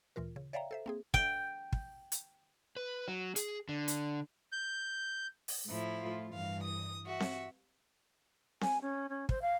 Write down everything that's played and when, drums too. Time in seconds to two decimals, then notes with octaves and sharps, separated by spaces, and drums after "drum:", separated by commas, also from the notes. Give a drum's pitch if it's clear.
0.16 D2 A#2 E3 F4 A#4
0.36 C#3
0.53 C#5 D5 E5 F5 G5 A#5
0.71 A4 C5 E5
0.86 A#3 C4 G#4
1.14 G5, drum: kick
1.73 drum: kick
2.12 drum: hi-hat
2.76 B4
3.08 F#3
3.36 G#4, drum: hi-hat
3.69 D3
3.88 drum: hi-hat
4.52 G6
5.48 drum: open hi-hat
5.68 A2 F3 E4
5.99 A3 F4
6.34 G2 E3 F5
6.64 D#6
7.06 F#4 E5
7.20 drum: snare C4
8.61 G#5, drum: snare C4
8.81 C#4
9.09 C#4
9.29 C5, drum: kick
9.41 F5